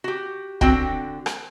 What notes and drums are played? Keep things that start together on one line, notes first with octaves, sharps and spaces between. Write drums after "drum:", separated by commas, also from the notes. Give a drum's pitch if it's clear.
F#4 G4
D3 C4 F#4 G5, drum: kick
drum: rim click